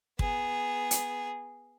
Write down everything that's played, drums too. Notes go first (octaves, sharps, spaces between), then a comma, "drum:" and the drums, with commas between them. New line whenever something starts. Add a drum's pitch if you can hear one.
B3 G#4, drum: kick
drum: hi-hat